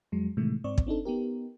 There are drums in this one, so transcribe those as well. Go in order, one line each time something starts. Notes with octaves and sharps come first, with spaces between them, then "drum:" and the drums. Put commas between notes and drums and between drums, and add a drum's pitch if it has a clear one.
F2 F#3 G#3
A2 C3 D#3 E3 G#3 A3
G#2 C4 D5 C#6
drum: kick
C4 D4 D#4 A4
B3 D#4 G4 A#4